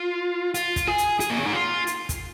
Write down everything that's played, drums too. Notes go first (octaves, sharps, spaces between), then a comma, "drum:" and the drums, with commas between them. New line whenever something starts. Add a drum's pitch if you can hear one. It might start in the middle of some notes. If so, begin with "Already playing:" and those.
Already playing: F4
F4, drum: hi-hat
drum: kick, hi-hat
G#4
drum: hi-hat
G#4, drum: hi-hat
A#3
C4
D#4
F4
drum: hi-hat
drum: kick, hi-hat